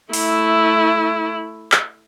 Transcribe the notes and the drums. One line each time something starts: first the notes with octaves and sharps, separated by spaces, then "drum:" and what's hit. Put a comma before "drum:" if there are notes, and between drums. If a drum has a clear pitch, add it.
A3 E4, drum: open hi-hat
drum: clap